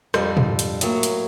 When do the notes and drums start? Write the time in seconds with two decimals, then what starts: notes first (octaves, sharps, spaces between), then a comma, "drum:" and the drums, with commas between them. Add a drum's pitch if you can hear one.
0.14 F2 D3 G3, drum: rim click
0.37 drum: tom
0.59 drum: hi-hat
0.81 A2 F#3 A#3, drum: hi-hat
1.03 drum: hi-hat